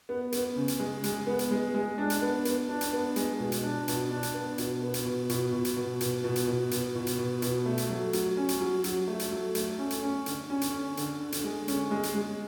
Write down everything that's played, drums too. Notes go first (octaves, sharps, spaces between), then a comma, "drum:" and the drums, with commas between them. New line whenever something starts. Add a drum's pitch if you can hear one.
B3
B3, drum: hi-hat
C#3
drum: hi-hat
G#3
G#3, drum: hi-hat
B3
drum: hi-hat
G#3
G#3
D4
drum: hi-hat
B3
B3, drum: hi-hat
D4
drum: hi-hat
B3
G#3, drum: hi-hat
B2
drum: hi-hat
D4
B2, drum: hi-hat
D4
drum: hi-hat
B3
B2, drum: hi-hat
B3
drum: hi-hat
B2
B2, drum: hi-hat
B2
drum: hi-hat
B2
B2, drum: hi-hat
B2
drum: hi-hat
B2
B2, drum: hi-hat
B2
drum: hi-hat
B2
B2, drum: hi-hat
A3
drum: hi-hat
F#3
F#3, drum: hi-hat
C#4
drum: hi-hat
F#3
F#3, drum: hi-hat
A3
drum: hi-hat
F#3
A3, drum: hi-hat
C#4
drum: hi-hat
C#4
D3, drum: hi-hat
C#4
drum: hi-hat
C#4
D3, drum: hi-hat
D3
drum: hi-hat
G#3
C#4, drum: hi-hat
G#3
drum: hi-hat
G#3